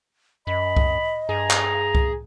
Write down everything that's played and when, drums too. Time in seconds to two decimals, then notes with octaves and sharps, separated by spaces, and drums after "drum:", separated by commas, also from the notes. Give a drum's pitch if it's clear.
0.47 F#2 D#5 B5
0.77 drum: kick C2
1.29 G2 G#4 A#5
1.50 drum: clap
1.95 drum: kick C2